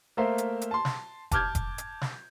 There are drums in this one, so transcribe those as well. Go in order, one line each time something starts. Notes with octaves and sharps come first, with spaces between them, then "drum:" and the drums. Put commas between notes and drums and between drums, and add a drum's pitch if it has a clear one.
A3 A#3 A#4 C5 E5 F5
drum: hi-hat
drum: hi-hat
A5 C6
drum: snare
A5 D6 F6 G6 G#6, drum: kick F1, hi-hat
drum: kick F1, hi-hat
drum: hi-hat
drum: snare